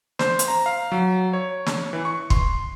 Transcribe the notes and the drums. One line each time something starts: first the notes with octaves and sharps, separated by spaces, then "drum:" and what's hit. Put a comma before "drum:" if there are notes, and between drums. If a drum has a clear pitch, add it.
C5, drum: snare
drum: hi-hat
A#5
F5
F#3
C#5
drum: snare
E3
C#6
C6, drum: kick